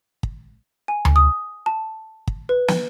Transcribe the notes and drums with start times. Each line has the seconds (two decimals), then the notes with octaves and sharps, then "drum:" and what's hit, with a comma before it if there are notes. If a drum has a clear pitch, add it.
0.23 drum: kick
0.88 G#5
1.05 drum: tom D2
1.16 D#6
1.66 A5
2.27 drum: kick
2.49 B4
2.68 drum: snare